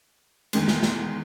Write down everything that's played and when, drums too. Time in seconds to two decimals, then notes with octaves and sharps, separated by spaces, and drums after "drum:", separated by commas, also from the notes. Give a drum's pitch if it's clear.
0.53 E2 D#3 G#3, drum: cymbal
0.68 drum: snare
0.83 drum: snare